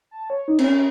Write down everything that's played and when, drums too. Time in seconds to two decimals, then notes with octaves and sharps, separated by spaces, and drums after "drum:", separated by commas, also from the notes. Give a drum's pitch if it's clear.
0.11 A5
0.30 C#5
0.48 D#4
0.59 C4, drum: cymbal
0.65 C#4